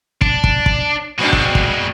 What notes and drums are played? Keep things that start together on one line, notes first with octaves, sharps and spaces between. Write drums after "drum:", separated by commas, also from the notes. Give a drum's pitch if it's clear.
D4, drum: kick
drum: kick
drum: kick
A#2 G#3 C4 D4 F#4
drum: kick
drum: kick